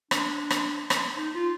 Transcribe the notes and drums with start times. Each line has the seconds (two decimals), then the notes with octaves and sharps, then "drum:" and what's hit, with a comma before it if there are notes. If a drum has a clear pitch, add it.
0.11 D4, drum: rim click
0.50 drum: rim click
0.90 drum: rim click
1.17 D#4
1.34 F4